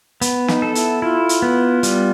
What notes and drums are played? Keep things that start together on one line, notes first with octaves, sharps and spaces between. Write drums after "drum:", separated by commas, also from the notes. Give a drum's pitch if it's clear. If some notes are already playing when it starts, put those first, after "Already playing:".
B3, drum: hi-hat
D#4, drum: snare
A4
E4, drum: hi-hat
E4 F4
drum: hi-hat
B3
G3, drum: hi-hat